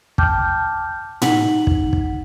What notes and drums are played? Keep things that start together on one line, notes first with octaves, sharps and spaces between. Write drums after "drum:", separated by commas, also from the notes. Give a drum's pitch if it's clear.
G5 A5 D6 F6 G6, drum: kick
D#4 F#5 B6 F#7, drum: tom A2
drum: kick
drum: kick